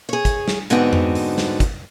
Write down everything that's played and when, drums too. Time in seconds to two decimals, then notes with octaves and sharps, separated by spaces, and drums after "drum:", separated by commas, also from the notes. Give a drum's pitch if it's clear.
0.09 G#4 C#5
0.25 drum: kick, hi-hat
0.48 drum: snare
0.70 G#2 D3 B3 C4 D#4 F#4, drum: hi-hat
0.93 drum: tom F2
1.15 drum: open hi-hat
1.38 drum: snare
1.60 drum: kick, hi-hat